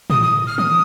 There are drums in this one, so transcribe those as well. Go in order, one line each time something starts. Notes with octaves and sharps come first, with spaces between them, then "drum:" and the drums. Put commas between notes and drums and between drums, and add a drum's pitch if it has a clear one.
D#6, drum: tom A2
D#6
F6
D#6, drum: tom D#3